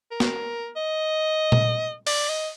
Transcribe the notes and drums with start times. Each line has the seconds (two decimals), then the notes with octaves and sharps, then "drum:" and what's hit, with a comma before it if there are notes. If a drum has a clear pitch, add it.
0.11 A#4
0.20 drum: snare
0.76 D#5
1.52 drum: tom A#2
2.07 D5, drum: open hi-hat
2.29 D#5